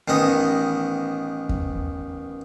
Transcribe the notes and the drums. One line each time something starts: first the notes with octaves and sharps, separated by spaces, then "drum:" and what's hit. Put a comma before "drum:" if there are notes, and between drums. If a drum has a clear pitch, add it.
A1 D#3 B3 D#5
drum: kick E2